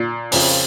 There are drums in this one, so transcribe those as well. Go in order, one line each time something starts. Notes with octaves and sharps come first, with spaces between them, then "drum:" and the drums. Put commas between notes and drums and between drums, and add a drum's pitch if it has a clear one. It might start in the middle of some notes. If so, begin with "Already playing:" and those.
Already playing: A#2
F2 C#3 F3, drum: open hi-hat